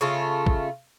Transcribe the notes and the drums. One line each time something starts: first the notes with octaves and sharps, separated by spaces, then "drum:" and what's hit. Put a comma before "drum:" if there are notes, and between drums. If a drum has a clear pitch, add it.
C#3 A3 F4
drum: kick